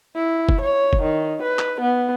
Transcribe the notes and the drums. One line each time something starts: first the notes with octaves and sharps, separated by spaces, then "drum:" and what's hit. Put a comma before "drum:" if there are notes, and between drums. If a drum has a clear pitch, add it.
E4
drum: kick
C#5
drum: kick
D#3
B4
drum: clap
B3